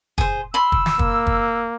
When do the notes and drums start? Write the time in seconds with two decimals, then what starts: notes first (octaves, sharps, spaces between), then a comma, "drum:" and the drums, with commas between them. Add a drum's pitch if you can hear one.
0.18 G#4 C5, drum: kick
0.54 B5 C6 E6
0.72 drum: kick
0.86 drum: snare
0.99 A#3, drum: kick
1.27 drum: kick